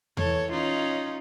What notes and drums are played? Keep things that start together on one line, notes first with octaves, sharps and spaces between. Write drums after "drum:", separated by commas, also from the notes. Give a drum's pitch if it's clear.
E3 A4 C#5, drum: tom E2
C#4 D#4 F4